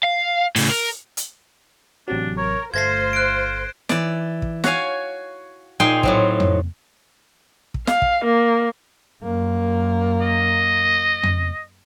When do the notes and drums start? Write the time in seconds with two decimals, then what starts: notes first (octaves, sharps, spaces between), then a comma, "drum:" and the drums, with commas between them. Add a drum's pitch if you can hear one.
0.04 F5
0.56 A2 C#3, drum: open hi-hat
0.70 A#4
1.17 drum: hi-hat
2.08 A1 C3 F#3 D4
2.37 A#4 C#5
2.74 G1 A3 F4 C5 G#6 A#6 C7
3.13 F#6 D7
3.89 E3 D5, drum: snare
4.42 drum: kick
4.64 F#4 C#5 F5 G#5, drum: snare
5.80 A#2 G#3 D#4 G5 G#5 C6
6.03 A2 F#3 C4, drum: kick
6.40 drum: tom F2
7.74 drum: kick
7.87 F5, drum: snare
8.02 drum: kick
8.24 A#3
9.23 F#2 A#3
10.22 D#5
11.23 drum: tom F2